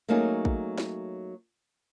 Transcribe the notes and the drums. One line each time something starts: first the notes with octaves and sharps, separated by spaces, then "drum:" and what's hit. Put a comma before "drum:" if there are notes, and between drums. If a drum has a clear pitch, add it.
F#3 A3 A#3 C#4 D#4 G#4
drum: kick
drum: snare